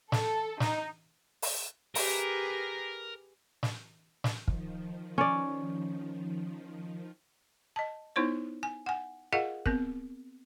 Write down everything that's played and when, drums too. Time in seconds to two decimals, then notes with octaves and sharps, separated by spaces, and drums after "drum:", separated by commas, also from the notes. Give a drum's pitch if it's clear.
0.12 A4, drum: snare
0.60 D#4, drum: snare
1.42 drum: open hi-hat
1.95 G4 G#4 A#4 B4, drum: open hi-hat
3.63 drum: snare
4.24 drum: snare
4.48 D#3 F3, drum: kick
5.18 C#4 D5
7.76 D#5 A5
8.16 B3 D#4 E4 C5 C#5
8.63 G#5
8.86 F#5 G#5
9.33 F4 G#4 A#4 D#5 F5 F#5
9.66 B3 C4 A#4, drum: kick